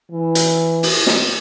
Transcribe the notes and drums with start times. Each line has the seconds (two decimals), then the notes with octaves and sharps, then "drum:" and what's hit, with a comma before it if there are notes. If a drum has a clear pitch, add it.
0.11 E3
0.35 drum: hi-hat
0.83 drum: open hi-hat
1.07 drum: snare